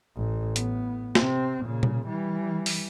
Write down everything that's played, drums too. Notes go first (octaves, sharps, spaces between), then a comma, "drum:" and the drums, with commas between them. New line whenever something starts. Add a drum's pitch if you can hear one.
A1
A2 B3, drum: hi-hat
C3 C4, drum: snare
A#2 C#3
drum: tom B2
E3 G3
drum: open hi-hat